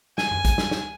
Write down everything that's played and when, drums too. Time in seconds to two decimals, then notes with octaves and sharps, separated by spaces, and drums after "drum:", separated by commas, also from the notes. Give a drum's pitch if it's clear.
0.18 G#5, drum: snare
0.31 drum: tom F#2
0.45 drum: kick, hi-hat
0.58 drum: snare
0.71 drum: snare